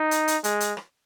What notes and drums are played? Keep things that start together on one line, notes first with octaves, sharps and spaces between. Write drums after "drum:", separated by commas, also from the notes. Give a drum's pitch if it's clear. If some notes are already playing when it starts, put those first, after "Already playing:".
Already playing: D#4
drum: hi-hat
drum: hi-hat
G#3, drum: hi-hat
drum: hi-hat
drum: rim click